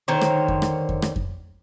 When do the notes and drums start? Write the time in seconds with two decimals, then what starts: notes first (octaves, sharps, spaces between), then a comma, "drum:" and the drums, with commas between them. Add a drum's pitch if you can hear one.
0.08 D3 D#3 C5 C#5
0.21 drum: rim click
0.48 drum: kick F2
0.62 drum: rim click
0.89 drum: kick F2
1.02 drum: rim click
1.16 drum: kick F2